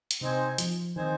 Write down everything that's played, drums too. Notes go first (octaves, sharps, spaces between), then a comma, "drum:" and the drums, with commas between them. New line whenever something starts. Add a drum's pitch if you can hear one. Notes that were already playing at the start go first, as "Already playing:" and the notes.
drum: hi-hat
C3 C4 D#4 C5 G#5
F3, drum: hi-hat
D#3 C4 D#4 C5 G#5